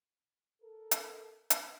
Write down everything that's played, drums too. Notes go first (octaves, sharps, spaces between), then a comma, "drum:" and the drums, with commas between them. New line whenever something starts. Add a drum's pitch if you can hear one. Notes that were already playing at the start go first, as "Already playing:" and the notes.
A4 A#4
drum: hi-hat
drum: hi-hat